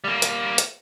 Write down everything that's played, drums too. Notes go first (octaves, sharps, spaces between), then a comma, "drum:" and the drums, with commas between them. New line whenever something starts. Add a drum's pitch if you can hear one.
G3 A#3
drum: hi-hat
drum: hi-hat